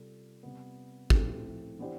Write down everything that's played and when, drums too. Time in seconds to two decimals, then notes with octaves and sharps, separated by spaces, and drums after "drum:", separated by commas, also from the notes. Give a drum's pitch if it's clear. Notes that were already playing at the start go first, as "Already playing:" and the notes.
Already playing: C3 G3 C4 F4 A4
0.43 C3 G3 B3
1.10 A2 F3 A3 C4, drum: kick
1.79 E3 B3 D4 G4 C5